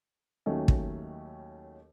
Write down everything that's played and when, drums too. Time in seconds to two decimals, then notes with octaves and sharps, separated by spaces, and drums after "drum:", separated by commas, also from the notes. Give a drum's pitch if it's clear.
0.46 D#2 D#3 F#3 A3 C#4
0.68 drum: kick